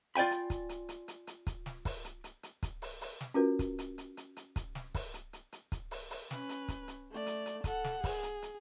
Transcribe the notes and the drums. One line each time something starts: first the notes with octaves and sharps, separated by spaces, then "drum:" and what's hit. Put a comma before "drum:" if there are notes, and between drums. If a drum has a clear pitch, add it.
F4 D5 G5 G#5 B5
drum: hi-hat
drum: kick, hi-hat
drum: hi-hat
drum: hi-hat
drum: hi-hat
drum: hi-hat
drum: kick, hi-hat
drum: snare
drum: kick, open hi-hat
drum: hi-hat
drum: hi-hat
drum: hi-hat
drum: kick, hi-hat
drum: open hi-hat
drum: open hi-hat
drum: snare
C#4 F4 F#4 A#4 B4
drum: kick, hi-hat
drum: hi-hat
drum: hi-hat
drum: hi-hat
drum: hi-hat
drum: kick, hi-hat
drum: snare
drum: kick, open hi-hat
drum: hi-hat
drum: hi-hat
drum: hi-hat
drum: kick, hi-hat
drum: open hi-hat
drum: open hi-hat
C#4 B4, drum: snare
drum: hi-hat
drum: kick, hi-hat
drum: hi-hat
A3 D5
drum: hi-hat
drum: hi-hat
A4 F#5, drum: kick, hi-hat
drum: snare
G#4, drum: kick, open hi-hat
drum: hi-hat
drum: hi-hat